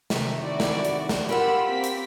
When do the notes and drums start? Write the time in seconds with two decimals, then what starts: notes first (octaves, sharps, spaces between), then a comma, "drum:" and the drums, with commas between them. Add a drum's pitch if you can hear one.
0.10 C3 D#3 A3, drum: snare
0.40 E4 F#4 D5
0.60 drum: snare
0.85 drum: hi-hat
1.09 drum: snare
1.29 F4 G4 A#4 F#5 B5 E6
1.66 A#3 C4 B6
1.84 drum: hi-hat